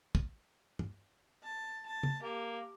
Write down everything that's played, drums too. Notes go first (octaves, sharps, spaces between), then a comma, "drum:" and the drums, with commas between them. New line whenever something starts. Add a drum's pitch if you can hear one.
drum: kick
drum: tom
A5
A5
drum: tom
A#3 G4